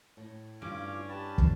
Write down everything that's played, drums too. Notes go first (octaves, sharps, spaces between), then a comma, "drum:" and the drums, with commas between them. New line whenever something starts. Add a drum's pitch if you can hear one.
A2
G2 C#4 F4 D6
G4 B4 A5
drum: kick